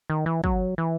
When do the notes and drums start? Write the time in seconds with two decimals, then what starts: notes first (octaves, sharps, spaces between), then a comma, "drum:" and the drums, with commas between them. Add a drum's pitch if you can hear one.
0.10 D#3
0.26 E3
0.44 F#3, drum: kick
0.78 E3